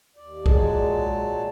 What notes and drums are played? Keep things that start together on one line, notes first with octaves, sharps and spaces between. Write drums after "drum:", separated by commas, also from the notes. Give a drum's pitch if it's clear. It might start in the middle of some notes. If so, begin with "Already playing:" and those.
D#2 D5
A#2 F#3 G#3 A5, drum: kick B1